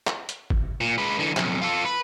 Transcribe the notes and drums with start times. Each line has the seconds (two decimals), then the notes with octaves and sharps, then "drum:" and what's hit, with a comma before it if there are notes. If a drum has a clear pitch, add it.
0.07 drum: clap
0.29 drum: hi-hat
0.50 drum: kick G1
0.81 A#2
0.98 G#3 B4
1.19 D3 E3
1.37 B1 F2, drum: clap
1.62 F4 A4
1.85 B4